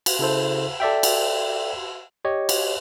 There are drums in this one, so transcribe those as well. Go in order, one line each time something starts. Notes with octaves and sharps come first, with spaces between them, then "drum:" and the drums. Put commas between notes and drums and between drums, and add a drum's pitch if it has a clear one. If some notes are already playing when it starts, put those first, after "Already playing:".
drum: cymbal
C#3 E4 A4 C5
A4 D5 E5 G5
drum: cymbal
G4 C#5 D#5
drum: cymbal